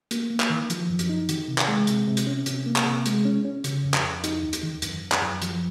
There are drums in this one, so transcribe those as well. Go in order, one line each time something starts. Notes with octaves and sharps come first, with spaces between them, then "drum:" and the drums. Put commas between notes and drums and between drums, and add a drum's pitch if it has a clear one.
A#3, drum: hi-hat
A#3
drum: clap
D#3
F3, drum: hi-hat
F#2
drum: hi-hat
D#4
D#3, drum: hi-hat
C3
drum: clap
G#3
C3, drum: hi-hat
C3
drum: hi-hat
C#4
C3, drum: hi-hat
A#3
drum: clap
C3
G#3, drum: hi-hat
C#4
C#4
C#3, drum: hi-hat
F2
drum: clap
F2
D#4, drum: hi-hat
D#2
drum: hi-hat
D#3
F#2, drum: hi-hat
F#2
drum: clap
F#2
F3, drum: hi-hat